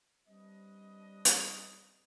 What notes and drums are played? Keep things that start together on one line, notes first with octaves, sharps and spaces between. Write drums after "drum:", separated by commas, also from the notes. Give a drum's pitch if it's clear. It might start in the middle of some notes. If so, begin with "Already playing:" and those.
G3 C4 D4 B4 D#5
drum: hi-hat